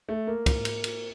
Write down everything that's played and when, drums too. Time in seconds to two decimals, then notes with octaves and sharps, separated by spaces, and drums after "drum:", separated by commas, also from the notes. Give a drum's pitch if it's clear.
0.09 A3
0.27 A#3
0.46 drum: kick, cymbal
0.65 drum: cymbal
0.84 drum: cymbal